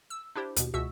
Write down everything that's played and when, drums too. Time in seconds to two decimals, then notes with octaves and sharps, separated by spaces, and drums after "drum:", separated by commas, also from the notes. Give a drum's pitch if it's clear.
0.10 E6
0.35 D4 E4 G4 C5
0.56 D#2 B2, drum: hi-hat
0.74 C#2 B2 F#4 E5 E6